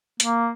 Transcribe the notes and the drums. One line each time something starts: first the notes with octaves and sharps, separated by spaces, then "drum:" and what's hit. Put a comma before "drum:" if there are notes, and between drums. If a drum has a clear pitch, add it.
A#3, drum: hi-hat